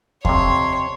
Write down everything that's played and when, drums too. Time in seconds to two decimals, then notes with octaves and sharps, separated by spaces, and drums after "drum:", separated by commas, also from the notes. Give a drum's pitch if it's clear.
0.25 F2 C3 C#5 C6, drum: kick D#2